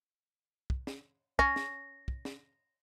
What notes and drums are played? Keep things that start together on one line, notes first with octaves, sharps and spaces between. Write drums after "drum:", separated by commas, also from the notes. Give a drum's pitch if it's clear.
drum: kick
drum: snare
C#4 A#6, drum: kick
drum: snare
drum: kick
drum: snare